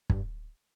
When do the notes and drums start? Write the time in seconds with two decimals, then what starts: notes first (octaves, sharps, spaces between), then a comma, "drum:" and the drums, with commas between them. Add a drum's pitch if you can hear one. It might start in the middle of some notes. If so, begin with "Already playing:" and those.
0.10 G2, drum: kick